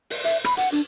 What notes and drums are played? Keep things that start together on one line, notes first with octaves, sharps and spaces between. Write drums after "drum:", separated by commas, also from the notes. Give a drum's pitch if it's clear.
drum: open hi-hat
E5, drum: hi-hat
B5, drum: rim click
F#5, drum: hi-hat
D4, drum: hi-hat